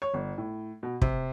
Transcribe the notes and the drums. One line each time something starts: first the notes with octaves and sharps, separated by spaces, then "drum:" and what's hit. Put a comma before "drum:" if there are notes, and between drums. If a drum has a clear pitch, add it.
C#5
G1
A2
B2
C3, drum: kick